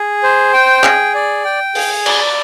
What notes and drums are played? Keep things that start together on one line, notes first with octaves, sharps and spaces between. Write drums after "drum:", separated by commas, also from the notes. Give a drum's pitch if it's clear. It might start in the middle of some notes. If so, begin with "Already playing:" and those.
Already playing: G#4
C5
G5
G#4, drum: clap
D5
G5
G#4, drum: open hi-hat
D5, drum: cymbal